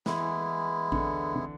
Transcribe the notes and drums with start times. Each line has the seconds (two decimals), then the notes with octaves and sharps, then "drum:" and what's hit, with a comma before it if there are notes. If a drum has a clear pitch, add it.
0.06 E3 G#3 B3 E4, drum: snare
0.92 D3, drum: kick A1
1.36 D3